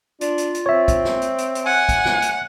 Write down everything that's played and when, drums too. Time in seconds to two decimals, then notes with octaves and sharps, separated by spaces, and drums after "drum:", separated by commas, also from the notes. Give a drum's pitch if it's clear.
0.21 D4 F4, drum: hi-hat
0.38 drum: hi-hat
0.55 drum: hi-hat
0.66 C4 C#5 E5
0.88 drum: kick, hi-hat
1.05 drum: snare
1.22 drum: hi-hat
1.38 drum: hi-hat
1.55 drum: hi-hat
1.66 F#5 G#5
1.89 drum: kick, hi-hat
2.05 drum: snare
2.22 drum: hi-hat